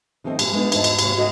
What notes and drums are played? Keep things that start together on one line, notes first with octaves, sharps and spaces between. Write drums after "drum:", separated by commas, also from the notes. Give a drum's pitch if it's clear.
D#3 F3 A3 C4 C#4 D#4
A#2 A3 C#4 G4, drum: cymbal
G#3 A3 B3 D4 D#4
E2 G#2 D#4 C5 A5, drum: cymbal
drum: cymbal
D#2 G#2 C3 C#5, drum: cymbal
D2 G#2 C#4 F#4 A4 D#5